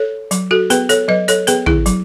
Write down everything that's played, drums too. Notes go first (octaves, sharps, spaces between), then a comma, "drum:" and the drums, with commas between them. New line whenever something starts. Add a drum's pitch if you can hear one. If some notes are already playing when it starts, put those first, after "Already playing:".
Already playing: A4 C#5
F#3, drum: hi-hat
F#4 A4
B3 G#4 B4, drum: hi-hat
A4 C#5, drum: hi-hat
F#3 B4 D#5
A4 C#5, drum: hi-hat
B3 G#4 B4, drum: hi-hat
E4 G#4, drum: tom
F#3, drum: hi-hat